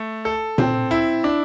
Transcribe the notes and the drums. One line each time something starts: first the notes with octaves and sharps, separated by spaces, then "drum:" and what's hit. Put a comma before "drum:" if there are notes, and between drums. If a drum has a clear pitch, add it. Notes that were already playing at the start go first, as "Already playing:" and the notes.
Already playing: A3
A4
C4, drum: tom A#2
E4
D4